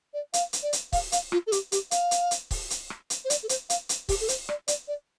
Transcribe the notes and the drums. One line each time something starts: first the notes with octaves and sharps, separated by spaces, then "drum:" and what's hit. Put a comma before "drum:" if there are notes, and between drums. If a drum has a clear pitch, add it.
D5
F5, drum: hi-hat
drum: hi-hat
D5
drum: hi-hat
F5, drum: kick, open hi-hat
F5, drum: hi-hat
F4, drum: rim click
A4
G4, drum: hi-hat
G4, drum: hi-hat
F5, drum: hi-hat
drum: hi-hat
drum: hi-hat
drum: kick, open hi-hat
drum: hi-hat
drum: rim click
drum: hi-hat
C5
D5, drum: hi-hat
A4
C5, drum: hi-hat
F5, drum: hi-hat
drum: hi-hat
G4, drum: kick, open hi-hat
A4
C5, drum: hi-hat
D5, drum: rim click
D5, drum: hi-hat
D5